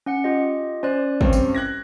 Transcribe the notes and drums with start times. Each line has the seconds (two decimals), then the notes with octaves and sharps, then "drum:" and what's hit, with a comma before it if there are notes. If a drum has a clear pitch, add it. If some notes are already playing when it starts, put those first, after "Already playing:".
0.06 C#4 F#5 C#7
0.24 F4 G4 D#5
0.83 C#4 C5 D5 F#6
1.21 G2 C4 C#4 G4, drum: kick
1.33 drum: tambourine
1.55 F#6 G#6 A#6